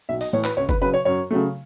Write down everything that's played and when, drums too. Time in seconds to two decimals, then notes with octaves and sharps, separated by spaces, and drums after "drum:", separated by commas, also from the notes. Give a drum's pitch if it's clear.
0.09 B1 E5
0.21 D#5, drum: open hi-hat
0.33 A2 E3 C#5
0.44 B4, drum: clap
0.57 C#2 C#5
0.69 B4, drum: kick
0.81 C#3 F#3 B4
0.94 C#5
1.05 F#2 C#5
1.31 C#3 F#3 A3